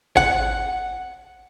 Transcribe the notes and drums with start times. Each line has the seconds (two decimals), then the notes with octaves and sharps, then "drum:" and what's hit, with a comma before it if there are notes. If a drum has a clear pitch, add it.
0.17 F#5, drum: kick G#1